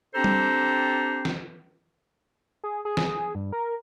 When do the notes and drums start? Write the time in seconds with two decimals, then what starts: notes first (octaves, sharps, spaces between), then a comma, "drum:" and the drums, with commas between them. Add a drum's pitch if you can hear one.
0.15 C4 D4 G4 A4 C5 A#5
0.24 drum: tom
1.25 drum: snare
2.64 G#4
2.85 G#4
2.97 G#4, drum: snare
3.35 G2
3.52 A#4